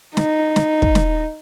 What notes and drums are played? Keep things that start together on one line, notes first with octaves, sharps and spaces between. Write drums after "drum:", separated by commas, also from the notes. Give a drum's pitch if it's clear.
D#4, drum: snare
drum: snare
drum: kick
drum: snare